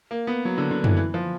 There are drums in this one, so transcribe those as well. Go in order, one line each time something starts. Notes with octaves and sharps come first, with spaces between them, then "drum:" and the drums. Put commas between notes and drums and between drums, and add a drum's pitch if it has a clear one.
A#3
B3
F#3
D3
D3
E3, drum: tom F#2
E3
F3